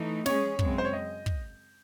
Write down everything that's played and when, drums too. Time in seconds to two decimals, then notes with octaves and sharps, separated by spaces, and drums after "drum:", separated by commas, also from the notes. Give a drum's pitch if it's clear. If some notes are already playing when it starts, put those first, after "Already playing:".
Already playing: E3 A3 D#4
0.26 G#3 C#4 G#4 C#5, drum: snare
0.59 F#2 C#3 G#3 C4, drum: kick
0.78 C5
0.85 C#5
0.93 D#5
1.26 drum: kick